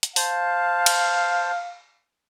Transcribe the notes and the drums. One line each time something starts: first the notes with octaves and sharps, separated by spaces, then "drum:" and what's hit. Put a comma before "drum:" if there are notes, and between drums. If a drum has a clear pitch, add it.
drum: hi-hat
C5 F5 A5, drum: open hi-hat
drum: cymbal